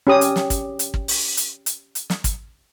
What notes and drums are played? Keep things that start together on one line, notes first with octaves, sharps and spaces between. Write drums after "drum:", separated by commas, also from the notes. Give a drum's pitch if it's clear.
C#4 G4 D#6
drum: hi-hat
drum: snare
drum: kick, hi-hat
drum: hi-hat
drum: kick
drum: open hi-hat
drum: hi-hat
drum: hi-hat
drum: hi-hat
drum: snare
drum: kick, hi-hat